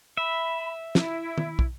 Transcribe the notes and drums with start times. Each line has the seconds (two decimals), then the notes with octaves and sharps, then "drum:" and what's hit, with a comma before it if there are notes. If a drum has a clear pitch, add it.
0.17 E5 B5
0.95 E4, drum: snare
1.38 drum: tom
1.59 drum: kick